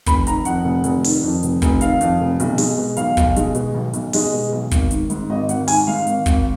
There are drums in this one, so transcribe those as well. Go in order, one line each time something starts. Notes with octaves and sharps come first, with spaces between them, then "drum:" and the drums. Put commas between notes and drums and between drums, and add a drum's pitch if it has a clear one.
F1 B5, drum: kick, hi-hat
D#3 A#5, drum: hi-hat
F2 F#5, drum: hi-hat
F1
F1, drum: hi-hat
D#3, drum: open hi-hat
F2
F1, drum: hi-hat
F1, drum: kick, hi-hat
D#3 F5, drum: hi-hat
F2, drum: hi-hat
F1
B1, drum: hi-hat
G#3, drum: open hi-hat
B2
B1 F5, drum: hi-hat
B1, drum: kick, hi-hat
G#3, drum: hi-hat
B2, drum: hi-hat
B1
B1, drum: hi-hat
G#3 D#5, drum: open hi-hat
B2
B1
G#1, drum: kick, hi-hat
D#3, drum: hi-hat
G#2, drum: hi-hat
G#1 D#5
G#1 F#5, drum: hi-hat
D#3 G#5, drum: open hi-hat
G#2 F5
G#1, drum: hi-hat
G#1, drum: kick, hi-hat